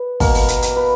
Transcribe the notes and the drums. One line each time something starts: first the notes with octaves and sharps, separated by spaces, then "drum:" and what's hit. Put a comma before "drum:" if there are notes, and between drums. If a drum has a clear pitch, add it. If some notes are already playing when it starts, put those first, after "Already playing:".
Already playing: B4
B2 A#3 A#4, drum: kick, open hi-hat
drum: open hi-hat
drum: hi-hat
drum: hi-hat
B4